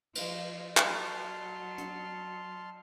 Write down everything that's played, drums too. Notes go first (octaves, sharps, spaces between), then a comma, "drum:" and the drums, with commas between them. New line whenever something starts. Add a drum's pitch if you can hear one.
F3 F4, drum: cymbal
F#3 A5 C6 F6, drum: clap
drum: hi-hat